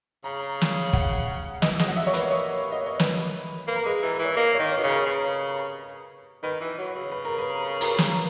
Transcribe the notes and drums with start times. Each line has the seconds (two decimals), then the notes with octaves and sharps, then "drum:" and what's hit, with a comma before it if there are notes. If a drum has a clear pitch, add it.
0.24 C#3 A#5
0.61 drum: snare
0.93 F#5, drum: kick
1.62 E3 D#5, drum: snare
1.79 G#3 D#5, drum: snare
1.85 F#3 F#5
1.96 E5
2.01 G#3
2.07 A#3 C#5
2.14 B4, drum: hi-hat
2.31 C#5
2.72 D#5
2.86 C#5
2.99 B4, drum: snare
3.68 A#3 B4
3.76 A#4
3.85 G#3 B4
4.03 E3
4.13 B4
4.19 E3
4.25 C#5
4.36 A#3 D#5
4.54 C#5
4.59 D#3
4.71 C#5
4.78 B2
4.83 C#3 A#4
5.06 C#3 B4
6.43 D#3 B4
6.60 E3
6.78 F#3
6.95 C#3
7.12 B4
7.25 A#4
7.38 B4
7.81 A#4, drum: open hi-hat
7.98 drum: snare